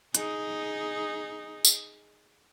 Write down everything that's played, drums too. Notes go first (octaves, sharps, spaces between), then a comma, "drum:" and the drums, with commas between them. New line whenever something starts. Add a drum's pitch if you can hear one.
D#4 G#4, drum: hi-hat
drum: tambourine